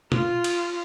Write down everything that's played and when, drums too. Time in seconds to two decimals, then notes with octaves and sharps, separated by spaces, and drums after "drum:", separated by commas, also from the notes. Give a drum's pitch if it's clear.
0.12 F4, drum: tom B2
0.44 drum: cymbal